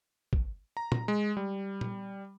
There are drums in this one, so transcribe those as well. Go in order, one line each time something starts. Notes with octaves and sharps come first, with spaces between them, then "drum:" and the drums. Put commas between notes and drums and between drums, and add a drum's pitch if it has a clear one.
drum: kick
A#5
drum: tom
G#3
G3
drum: tom A#2